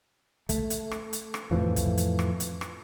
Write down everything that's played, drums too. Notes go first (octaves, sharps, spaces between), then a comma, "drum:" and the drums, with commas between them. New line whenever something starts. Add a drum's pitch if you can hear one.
A3, drum: kick, hi-hat
drum: hi-hat
drum: rim click
drum: hi-hat
drum: rim click
F2 A2 E3 F3
drum: kick, hi-hat
drum: hi-hat
drum: rim click
drum: hi-hat
drum: rim click